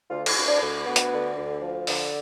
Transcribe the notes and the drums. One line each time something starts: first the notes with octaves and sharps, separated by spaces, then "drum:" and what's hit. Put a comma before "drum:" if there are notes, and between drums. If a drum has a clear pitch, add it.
D2 F4
drum: cymbal
D2
D4
D2
D2 B3
drum: hi-hat
D3
D2
F3
D3, drum: open hi-hat